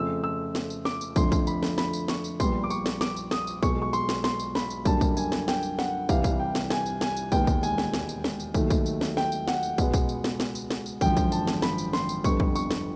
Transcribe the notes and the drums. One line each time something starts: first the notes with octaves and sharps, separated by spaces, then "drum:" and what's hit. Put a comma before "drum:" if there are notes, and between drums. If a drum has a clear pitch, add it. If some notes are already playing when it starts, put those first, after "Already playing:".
Already playing: F2 C#3 F3 A3 E6
E6
drum: snare
drum: tambourine
D6, drum: snare
drum: tambourine
F2 D3 F3 A3 C6, drum: kick, tambourine
drum: kick, tambourine
B5, drum: tambourine
drum: snare
B5, drum: snare
drum: tambourine
C#6, drum: snare
drum: tambourine
A#1 A#2 G3 B3 C6, drum: kick, tambourine
D6
C#6, drum: tambourine
drum: snare
D6, drum: snare
drum: tambourine
D#6, drum: snare
drum: tambourine
B1 B2 G#3 C#6, drum: kick, tambourine
C#6
C6, drum: tambourine
drum: snare
C6, drum: snare
drum: tambourine
B5, drum: snare
drum: tambourine
F#2 D3 G3 A#3 A5, drum: kick, tambourine
drum: kick, tambourine
G#5, drum: tambourine
drum: snare
G5, drum: snare
drum: tambourine
F#5, drum: snare
C2 C3 E3 G3 F5, drum: kick, tambourine
drum: kick, tambourine
G5
drum: snare
G#5, drum: snare
drum: tambourine
G#5, drum: snare
drum: tambourine
E1 D#2 D#3 G#3 B3 G5, drum: kick, tambourine
drum: kick, tambourine
G#5, drum: tambourine
drum: snare
drum: snare
drum: tambourine
drum: snare
drum: tambourine
D#2 D#3 F#3 A3, drum: kick, tambourine
drum: kick, tambourine
drum: tambourine
drum: snare
G5, drum: snare
drum: tambourine
F#5, drum: snare
drum: tambourine
C#2 B2 G#3 B3, drum: kick, tambourine
drum: kick, tambourine
drum: tambourine
drum: snare
drum: snare
drum: tambourine
drum: snare
drum: tambourine
G#1 F#2 D3 F3 G5, drum: kick, tambourine
drum: kick, tambourine
A5, drum: tambourine
drum: snare
B5, drum: snare
drum: tambourine
C6, drum: snare
drum: tambourine
G1 F2 D3 G3 B3 C#6, drum: kick, tambourine
drum: kick
C#6, drum: tambourine
drum: snare